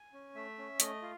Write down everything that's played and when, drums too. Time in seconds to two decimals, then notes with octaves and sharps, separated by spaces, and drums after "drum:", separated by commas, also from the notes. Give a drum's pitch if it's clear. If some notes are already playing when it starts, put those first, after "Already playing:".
Already playing: G#5
0.13 C#4
0.35 A3 E5
0.58 C#4
0.80 A3 D#5, drum: hi-hat
1.02 F4